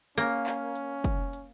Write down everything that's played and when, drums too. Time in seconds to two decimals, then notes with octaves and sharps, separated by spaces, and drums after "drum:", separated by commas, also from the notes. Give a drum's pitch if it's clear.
0.18 A#3 C#4, drum: hi-hat
0.46 drum: clap
0.75 drum: hi-hat
1.04 drum: kick, hi-hat
1.33 drum: hi-hat